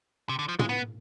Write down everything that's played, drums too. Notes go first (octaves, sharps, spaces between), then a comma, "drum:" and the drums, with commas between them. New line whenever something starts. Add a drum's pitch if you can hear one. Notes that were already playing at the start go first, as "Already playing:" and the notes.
C3
D3
F3
G#3, drum: tom
B3